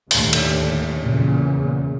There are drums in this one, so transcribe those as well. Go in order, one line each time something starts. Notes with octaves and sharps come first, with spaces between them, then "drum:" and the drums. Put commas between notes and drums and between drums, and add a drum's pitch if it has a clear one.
D#2 A2 D3, drum: open hi-hat
drum: cymbal
E2 A#2 C#3